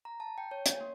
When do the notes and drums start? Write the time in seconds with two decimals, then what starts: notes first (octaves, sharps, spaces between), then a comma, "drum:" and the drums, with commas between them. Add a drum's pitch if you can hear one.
0.05 A#5
0.20 A5
0.38 G5
0.51 C#5
0.66 C#5, drum: hi-hat
0.81 A#3